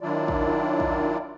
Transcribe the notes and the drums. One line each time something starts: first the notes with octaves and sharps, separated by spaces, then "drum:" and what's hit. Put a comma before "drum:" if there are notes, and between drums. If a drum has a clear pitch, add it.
D#3 F#3 D4 E4 F4 D5
drum: kick
drum: kick